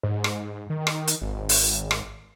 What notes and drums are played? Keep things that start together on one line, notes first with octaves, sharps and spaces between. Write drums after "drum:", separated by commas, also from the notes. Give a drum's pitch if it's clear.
G#2
drum: rim click
D#3
drum: rim click
drum: hi-hat
G#1
drum: open hi-hat
drum: rim click